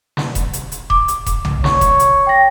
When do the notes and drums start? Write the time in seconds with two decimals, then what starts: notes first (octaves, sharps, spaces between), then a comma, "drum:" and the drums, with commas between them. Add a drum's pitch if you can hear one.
0.17 drum: snare
0.35 drum: kick E1, hi-hat
0.53 drum: hi-hat
0.72 drum: hi-hat
0.90 D6, drum: kick E1
1.08 drum: hi-hat
1.26 drum: kick E1, hi-hat
1.45 drum: tom B1
1.64 C#5, drum: snare
1.81 drum: kick E1, hi-hat
1.99 drum: hi-hat
2.27 G5 A#6